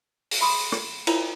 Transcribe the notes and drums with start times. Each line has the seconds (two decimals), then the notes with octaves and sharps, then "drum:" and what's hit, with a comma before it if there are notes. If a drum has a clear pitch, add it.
0.31 drum: open hi-hat
0.41 E5 B5 C6 D6 D#6
0.72 drum: rim click
1.07 E4 F4 A#4 C#5 E5 A#5, drum: cymbal